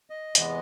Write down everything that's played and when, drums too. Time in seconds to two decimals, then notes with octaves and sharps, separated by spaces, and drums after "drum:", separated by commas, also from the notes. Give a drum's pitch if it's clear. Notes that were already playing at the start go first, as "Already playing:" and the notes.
0.10 D#5
0.35 E2 C3 E3 G#3 B3, drum: hi-hat